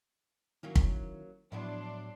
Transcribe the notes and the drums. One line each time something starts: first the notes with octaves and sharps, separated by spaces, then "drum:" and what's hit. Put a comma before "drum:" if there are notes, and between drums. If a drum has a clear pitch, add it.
D#3 F#3 A#3 C#4 D#4 E4
drum: kick
A2 F3 F#3 B3 D4 E4 C6